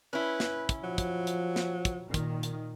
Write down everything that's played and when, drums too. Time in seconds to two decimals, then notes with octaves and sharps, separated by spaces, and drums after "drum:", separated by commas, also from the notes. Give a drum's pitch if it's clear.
0.13 C#4 E4 B4
0.40 drum: snare
0.69 drum: kick, hi-hat
0.84 F3 F#3
0.98 drum: kick, hi-hat
1.27 drum: hi-hat
1.56 drum: snare
1.85 drum: kick, hi-hat
2.05 A#2 D#3
2.14 drum: kick, hi-hat
2.43 drum: hi-hat